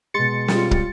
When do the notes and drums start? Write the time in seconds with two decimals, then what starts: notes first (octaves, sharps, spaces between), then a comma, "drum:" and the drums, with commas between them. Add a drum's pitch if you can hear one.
0.14 B2 G#3 C6 A6 C#7
0.48 G3 F4, drum: snare
0.71 drum: kick